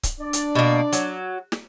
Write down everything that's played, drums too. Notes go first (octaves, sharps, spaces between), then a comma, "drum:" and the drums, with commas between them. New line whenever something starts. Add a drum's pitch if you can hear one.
drum: kick C#1, hi-hat
D4 D5
drum: hi-hat
B2 A#3
F#3, drum: hi-hat
drum: snare